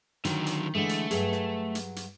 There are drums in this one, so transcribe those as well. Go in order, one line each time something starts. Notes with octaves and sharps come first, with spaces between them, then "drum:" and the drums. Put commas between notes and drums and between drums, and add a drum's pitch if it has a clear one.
D3 D#3 F#3, drum: hi-hat
drum: hi-hat
D3 E3 G#3 A3
drum: hi-hat
G2 F#3 G#4, drum: hi-hat
drum: snare
drum: hi-hat
drum: hi-hat